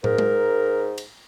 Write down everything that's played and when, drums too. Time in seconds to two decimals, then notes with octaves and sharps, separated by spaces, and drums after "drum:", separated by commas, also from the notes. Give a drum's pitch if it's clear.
0.04 G#2 A#4, drum: tom
0.18 drum: tom G#3
0.98 drum: cymbal